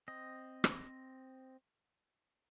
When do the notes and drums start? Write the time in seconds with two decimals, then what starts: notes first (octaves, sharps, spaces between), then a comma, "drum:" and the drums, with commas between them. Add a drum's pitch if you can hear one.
0.08 C4 D#5
0.64 drum: rim click